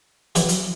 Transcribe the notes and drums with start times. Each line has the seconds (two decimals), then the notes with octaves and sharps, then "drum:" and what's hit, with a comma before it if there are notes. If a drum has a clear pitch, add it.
0.35 F#2 E3 B3 E4 G4, drum: hi-hat
0.49 drum: hi-hat